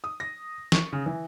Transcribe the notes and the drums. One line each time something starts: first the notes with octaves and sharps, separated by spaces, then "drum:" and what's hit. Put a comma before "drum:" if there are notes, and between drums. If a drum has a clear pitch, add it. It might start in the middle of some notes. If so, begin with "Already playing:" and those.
D#6
A#6
C#6, drum: snare
C#3
E3